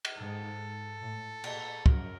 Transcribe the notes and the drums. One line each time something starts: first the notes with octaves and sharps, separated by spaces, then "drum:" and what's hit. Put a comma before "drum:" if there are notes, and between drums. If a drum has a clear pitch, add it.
drum: cymbal
G#2 A4
A2
A#2, drum: cymbal
F#2 A#4, drum: kick